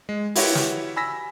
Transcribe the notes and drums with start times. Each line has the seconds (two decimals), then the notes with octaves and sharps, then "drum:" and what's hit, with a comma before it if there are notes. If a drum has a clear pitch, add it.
0.09 G#3
0.35 E4 F#4 G4 B4 C#5 E5, drum: open hi-hat
0.55 drum: snare
0.96 G#5 B5 E6 A#6 B6